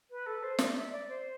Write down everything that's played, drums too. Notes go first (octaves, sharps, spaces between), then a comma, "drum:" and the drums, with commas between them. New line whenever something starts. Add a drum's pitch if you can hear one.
B4
A4
C5
D5, drum: snare
E5
D5
C5